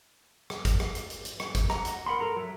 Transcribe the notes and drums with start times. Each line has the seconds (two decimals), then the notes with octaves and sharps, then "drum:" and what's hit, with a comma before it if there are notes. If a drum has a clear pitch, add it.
0.50 drum: rim click
0.65 drum: kick G#1, hi-hat
0.80 drum: rim click
0.95 drum: hi-hat
1.10 drum: hi-hat
1.25 drum: hi-hat
1.40 drum: rim click
1.55 drum: kick G#1, hi-hat
1.70 F#5 A#5, drum: rim click
1.85 drum: hi-hat
2.06 A#4 F#5 B5 C6
2.20 A4 A#4 A#5
2.36 F#3 E5